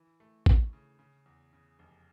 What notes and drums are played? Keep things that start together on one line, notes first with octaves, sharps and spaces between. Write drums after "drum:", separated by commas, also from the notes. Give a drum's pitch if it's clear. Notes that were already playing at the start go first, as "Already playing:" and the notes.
Already playing: E3
A3
A3, drum: kick
C#3
C#3
E2
C#3
F1